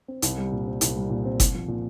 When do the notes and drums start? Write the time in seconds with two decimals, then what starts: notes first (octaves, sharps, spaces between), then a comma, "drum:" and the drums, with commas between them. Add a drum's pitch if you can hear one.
0.08 C4
0.22 C2, drum: hi-hat
0.38 G3
0.52 A#2
0.67 C4
0.81 C2, drum: hi-hat
0.96 G3
1.10 A#2
1.25 C4
1.40 C2, drum: kick F#1, hi-hat
1.55 F3
1.68 A#2